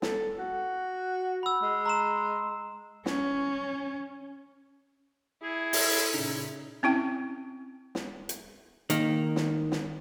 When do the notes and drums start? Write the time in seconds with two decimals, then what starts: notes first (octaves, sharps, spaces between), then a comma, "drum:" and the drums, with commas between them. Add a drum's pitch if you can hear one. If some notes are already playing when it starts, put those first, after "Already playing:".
0.02 A4, drum: snare
0.39 F#4
1.43 B5 E6
1.62 G#3
1.86 A#5 C6 E7
3.06 C#4, drum: snare
5.43 E4 G#4
5.73 A4 E5 C6, drum: open hi-hat
6.14 A#2 C#3 D#4
6.83 C4 C#4 E4 G5
7.95 drum: snare
8.29 drum: hi-hat
8.90 D#3 A#3, drum: hi-hat
9.36 drum: snare
9.72 drum: snare